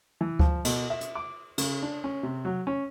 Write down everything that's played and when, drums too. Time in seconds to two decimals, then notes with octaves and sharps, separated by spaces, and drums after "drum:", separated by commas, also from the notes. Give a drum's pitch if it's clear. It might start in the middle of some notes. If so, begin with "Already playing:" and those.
0.21 E3
0.39 F3, drum: kick D2
0.65 B2, drum: cymbal
0.90 E5
1.01 drum: hi-hat
1.15 D6
1.58 C#3, drum: cymbal
1.82 D4
2.04 C#4
2.23 C3
2.45 F#3
2.67 C#4